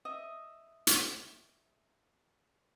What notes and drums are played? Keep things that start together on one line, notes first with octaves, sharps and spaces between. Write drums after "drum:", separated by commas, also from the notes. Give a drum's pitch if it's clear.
D#5 E5 D#6
drum: hi-hat